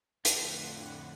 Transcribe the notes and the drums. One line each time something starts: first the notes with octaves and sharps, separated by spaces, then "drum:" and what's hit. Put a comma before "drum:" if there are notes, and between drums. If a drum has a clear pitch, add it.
F2 A2 D3 F#5, drum: hi-hat